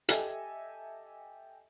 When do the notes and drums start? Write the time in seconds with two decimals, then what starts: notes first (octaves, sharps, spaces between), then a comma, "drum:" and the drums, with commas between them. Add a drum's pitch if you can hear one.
0.09 G4 A4 D#5 E5 G#5, drum: hi-hat